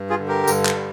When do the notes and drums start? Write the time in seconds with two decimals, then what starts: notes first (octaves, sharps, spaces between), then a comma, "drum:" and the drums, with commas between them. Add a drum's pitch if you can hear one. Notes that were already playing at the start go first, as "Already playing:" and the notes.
Already playing: G2
0.09 F4 G#4
0.19 D3
0.28 G4 A#4
0.47 G2, drum: tambourine
0.66 drum: clap
0.75 G3